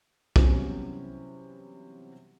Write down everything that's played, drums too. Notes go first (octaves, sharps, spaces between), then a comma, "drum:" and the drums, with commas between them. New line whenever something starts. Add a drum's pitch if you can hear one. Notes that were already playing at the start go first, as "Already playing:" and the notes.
C3 E3 F#3 G3 B3 C#4, drum: kick